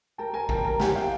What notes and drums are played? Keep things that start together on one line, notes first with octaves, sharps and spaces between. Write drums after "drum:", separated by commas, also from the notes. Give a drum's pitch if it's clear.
A#4 G5 A5
A#4 G#5 A#5
A#4 G5 A5, drum: kick A#1
A#4
G4 F#5 G#5, drum: snare
E4 F5 G5